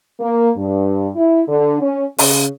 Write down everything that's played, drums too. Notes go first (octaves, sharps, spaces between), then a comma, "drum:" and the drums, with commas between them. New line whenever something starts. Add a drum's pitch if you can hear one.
A#3
G2
E4
D3
C#4
C#3, drum: open hi-hat